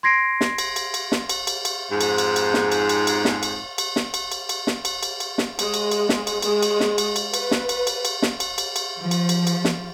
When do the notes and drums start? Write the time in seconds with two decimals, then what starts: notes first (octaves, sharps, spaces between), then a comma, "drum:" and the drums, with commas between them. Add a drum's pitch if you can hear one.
0.03 C6 G#6 A#6 C7 D7
0.41 drum: snare
0.58 drum: cymbal
0.76 drum: cymbal
0.94 drum: cymbal
1.12 drum: snare
1.29 drum: cymbal
1.47 drum: cymbal
1.65 drum: cymbal
1.91 F2 G#2
2.01 drum: cymbal
2.18 drum: cymbal
2.36 drum: cymbal
2.54 drum: snare
2.72 drum: cymbal
2.89 drum: cymbal
3.07 drum: cymbal
3.25 drum: snare
3.43 drum: cymbal
3.78 drum: cymbal
3.96 drum: snare
4.14 drum: cymbal
4.32 drum: cymbal
4.49 drum: cymbal
4.67 drum: snare
4.85 drum: cymbal
5.03 drum: cymbal
5.20 drum: cymbal
5.38 drum: snare
5.59 G#3, drum: cymbal
5.74 drum: cymbal
5.91 drum: cymbal
6.09 drum: snare
6.27 drum: cymbal
6.42 G#3, drum: cymbal
6.63 drum: cymbal
6.80 drum: snare
6.98 drum: cymbal
7.16 drum: cymbal
7.34 B4, drum: cymbal
7.51 drum: snare
7.69 drum: cymbal
7.87 drum: cymbal
8.05 drum: cymbal
8.22 drum: snare
8.40 drum: cymbal
8.58 drum: cymbal
8.76 drum: cymbal
9.01 F3
9.11 drum: cymbal
9.29 drum: cymbal
9.47 drum: cymbal
9.65 drum: snare